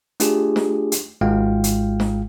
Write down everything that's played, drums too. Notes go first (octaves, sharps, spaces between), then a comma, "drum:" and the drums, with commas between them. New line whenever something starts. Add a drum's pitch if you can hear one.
A3 D4 F4 G4 G#4, drum: hi-hat
drum: snare
drum: hi-hat
G#1 G#2 G#3 F4 F5 G5
drum: hi-hat
drum: snare